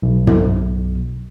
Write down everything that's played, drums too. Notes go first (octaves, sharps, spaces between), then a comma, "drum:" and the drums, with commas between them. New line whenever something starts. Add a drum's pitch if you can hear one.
B1
drum: tom